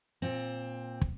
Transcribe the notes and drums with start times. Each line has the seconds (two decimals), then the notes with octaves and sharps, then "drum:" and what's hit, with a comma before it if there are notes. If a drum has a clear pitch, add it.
0.22 A#2 C4
1.02 drum: kick